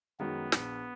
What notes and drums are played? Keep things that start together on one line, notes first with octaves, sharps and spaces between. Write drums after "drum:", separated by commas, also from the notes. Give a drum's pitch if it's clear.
F#2 D#3 G#3 B3
A#1, drum: snare